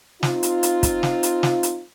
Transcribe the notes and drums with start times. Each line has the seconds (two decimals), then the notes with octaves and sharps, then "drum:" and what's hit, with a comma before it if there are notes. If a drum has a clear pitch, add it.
0.23 C4 D#4 F4, drum: snare
0.43 drum: hi-hat
0.63 drum: hi-hat
0.83 drum: kick, hi-hat
1.03 drum: snare
1.23 drum: hi-hat
1.43 drum: snare
1.63 drum: hi-hat